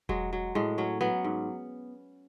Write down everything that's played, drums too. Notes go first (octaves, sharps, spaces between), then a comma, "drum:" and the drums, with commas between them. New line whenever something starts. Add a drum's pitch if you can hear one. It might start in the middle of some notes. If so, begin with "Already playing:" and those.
F#3 G#3, drum: kick E1
F#3
A2 G#3
F#3 C#4
F#3 B3
G#2